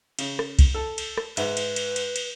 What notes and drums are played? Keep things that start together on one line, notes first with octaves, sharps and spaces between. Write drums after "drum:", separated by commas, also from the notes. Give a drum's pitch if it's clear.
C#3, drum: cymbal
drum: rim click
drum: kick C2, cymbal
A4
drum: cymbal
drum: rim click
G#2 B4 E5, drum: cymbal
drum: cymbal
drum: cymbal
drum: cymbal
drum: cymbal